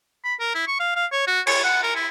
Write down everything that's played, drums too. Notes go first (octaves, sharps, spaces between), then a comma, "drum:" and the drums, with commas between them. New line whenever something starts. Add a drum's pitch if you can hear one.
B5
A#4
E4
C#6
F5
F5
C#5
F#4
C#5, drum: cymbal
F#5
A#4
E4